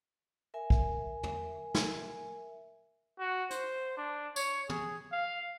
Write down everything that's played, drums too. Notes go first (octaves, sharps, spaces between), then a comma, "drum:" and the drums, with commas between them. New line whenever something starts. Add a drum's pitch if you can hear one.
A#4 E5 G#5
drum: kick
drum: tom
drum: snare
F#4
C5, drum: hi-hat
D4
C#5, drum: tambourine
G#4, drum: tom
F5